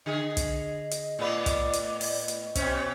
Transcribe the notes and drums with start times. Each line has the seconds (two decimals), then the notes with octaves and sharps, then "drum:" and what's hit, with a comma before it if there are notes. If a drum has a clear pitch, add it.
0.06 D3 G#4 D#5
0.37 drum: kick, hi-hat
0.91 drum: hi-hat
1.19 A2 B3 B4 D5
1.46 drum: kick, hi-hat
1.73 drum: hi-hat
2.01 drum: open hi-hat
2.28 drum: hi-hat
2.55 B2 C4 C#4 C5, drum: kick, hi-hat